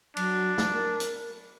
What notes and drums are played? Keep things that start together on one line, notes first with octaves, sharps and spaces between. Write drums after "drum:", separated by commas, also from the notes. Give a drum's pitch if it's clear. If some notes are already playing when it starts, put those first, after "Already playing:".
F#3 D4, drum: cymbal
drum: snare
A#4
drum: hi-hat